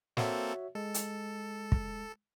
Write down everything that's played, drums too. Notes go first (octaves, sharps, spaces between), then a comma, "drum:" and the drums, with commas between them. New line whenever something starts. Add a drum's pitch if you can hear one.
A#3 C4 F#4 A4 C#5 E5, drum: snare
G#3 A4
drum: hi-hat
drum: kick